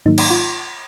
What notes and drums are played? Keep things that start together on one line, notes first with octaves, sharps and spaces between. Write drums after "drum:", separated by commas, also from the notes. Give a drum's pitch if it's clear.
G#2 D#3 F#3 A#3 D#4
drum: cymbal
F4